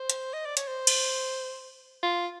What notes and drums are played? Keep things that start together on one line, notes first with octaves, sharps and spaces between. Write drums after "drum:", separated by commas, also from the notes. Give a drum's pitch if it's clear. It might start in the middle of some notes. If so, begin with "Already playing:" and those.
Already playing: C5
drum: hi-hat
D#5
D5
C#5, drum: hi-hat
C5
drum: cymbal
F4